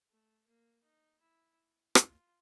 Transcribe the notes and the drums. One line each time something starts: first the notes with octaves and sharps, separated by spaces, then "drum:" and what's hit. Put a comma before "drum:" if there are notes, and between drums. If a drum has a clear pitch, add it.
A3
A#3
D#4
E4
F4, drum: rim click